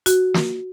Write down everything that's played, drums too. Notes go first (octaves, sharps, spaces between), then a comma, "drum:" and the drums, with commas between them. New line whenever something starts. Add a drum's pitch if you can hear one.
F#4, drum: hi-hat
drum: snare